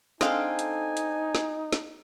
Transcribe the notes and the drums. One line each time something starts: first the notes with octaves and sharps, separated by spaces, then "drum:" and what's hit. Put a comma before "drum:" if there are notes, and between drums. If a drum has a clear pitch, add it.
G#3 C4 D4 D#4 A4 F5 G#5, drum: snare
drum: hi-hat
drum: hi-hat
drum: snare
drum: snare